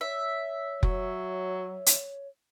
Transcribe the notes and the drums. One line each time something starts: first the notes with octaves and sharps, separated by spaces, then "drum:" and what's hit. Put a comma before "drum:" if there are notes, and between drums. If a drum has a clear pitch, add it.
C#5 E5
F#3, drum: kick F1
drum: hi-hat